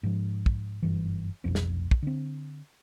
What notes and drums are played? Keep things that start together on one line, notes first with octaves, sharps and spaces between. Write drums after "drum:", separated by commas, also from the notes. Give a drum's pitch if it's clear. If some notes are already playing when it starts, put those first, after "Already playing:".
G#2 F3
drum: kick
F#1 G2 E3
F1 B1 F2 C4
drum: snare
drum: kick
D3 C4